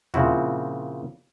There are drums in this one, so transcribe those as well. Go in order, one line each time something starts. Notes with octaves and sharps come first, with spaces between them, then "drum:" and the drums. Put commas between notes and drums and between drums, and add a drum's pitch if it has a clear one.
A#2 C#3 F3 C4 E4 F#4, drum: tom A#2